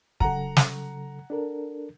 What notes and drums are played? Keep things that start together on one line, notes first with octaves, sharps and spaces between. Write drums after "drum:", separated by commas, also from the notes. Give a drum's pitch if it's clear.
C#3 F#3 A4 F#5 A#5, drum: kick
drum: snare
D4 A4 A#4